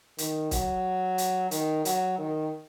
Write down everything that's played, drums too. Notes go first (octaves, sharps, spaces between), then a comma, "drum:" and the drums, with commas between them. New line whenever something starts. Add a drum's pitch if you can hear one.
D#3, drum: hi-hat
F#3, drum: kick, hi-hat
drum: hi-hat
D#3, drum: hi-hat
F#3, drum: hi-hat
D#3